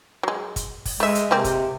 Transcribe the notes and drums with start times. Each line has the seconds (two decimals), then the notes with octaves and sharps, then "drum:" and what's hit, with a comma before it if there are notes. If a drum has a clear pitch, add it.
0.23 F#3 G#3
0.56 drum: kick, hi-hat
0.85 drum: kick, open hi-hat
1.00 G#3 A3 E5
1.15 drum: hi-hat
1.31 C3 G#3 A#3 C4
1.44 drum: kick, hi-hat